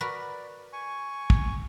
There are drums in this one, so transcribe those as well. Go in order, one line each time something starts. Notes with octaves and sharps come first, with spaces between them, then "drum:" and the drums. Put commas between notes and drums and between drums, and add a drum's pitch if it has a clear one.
F#4 A#4 B4 D5
G#5 C#6
drum: kick